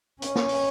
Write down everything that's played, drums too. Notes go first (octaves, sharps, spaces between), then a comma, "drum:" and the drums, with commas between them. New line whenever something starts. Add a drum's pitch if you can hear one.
C#4, drum: hi-hat
drum: snare
drum: open hi-hat